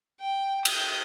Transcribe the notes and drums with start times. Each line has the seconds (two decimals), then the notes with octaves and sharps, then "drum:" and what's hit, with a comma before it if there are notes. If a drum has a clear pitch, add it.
0.21 G5
0.65 D#6 G6, drum: cymbal